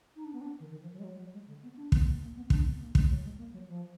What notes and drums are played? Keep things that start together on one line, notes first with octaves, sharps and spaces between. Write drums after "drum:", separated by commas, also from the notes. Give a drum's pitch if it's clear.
D#4
D4
B3
D4
D#3
D#3
F3
F#3
G#3
F#3
F#3
G#3
D3
B3
D4
B3, drum: kick
A#3
A#3
B3
D4, drum: kick
B3
A#3
G#3, drum: kick
F#3
G#3
A#3
F#3
F3